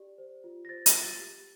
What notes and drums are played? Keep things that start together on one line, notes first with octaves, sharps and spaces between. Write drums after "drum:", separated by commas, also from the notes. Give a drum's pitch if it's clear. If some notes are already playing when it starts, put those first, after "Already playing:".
Already playing: G4 D5
C5
F4
A#6
C5 A6
A#6, drum: hi-hat
F4
A6
G4